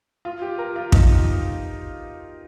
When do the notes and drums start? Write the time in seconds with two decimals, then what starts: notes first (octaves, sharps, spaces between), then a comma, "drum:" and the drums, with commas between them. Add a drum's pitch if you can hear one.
0.25 F4
0.42 G4
0.59 A#4
0.76 F4
0.92 D#4, drum: kick